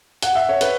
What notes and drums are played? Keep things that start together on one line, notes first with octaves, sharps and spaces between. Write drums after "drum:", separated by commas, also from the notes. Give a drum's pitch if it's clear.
F#5, drum: hi-hat
E5
C#5
B4, drum: hi-hat